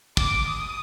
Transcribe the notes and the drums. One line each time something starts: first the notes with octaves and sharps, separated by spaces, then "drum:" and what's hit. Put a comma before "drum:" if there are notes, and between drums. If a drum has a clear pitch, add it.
D6, drum: kick
D#6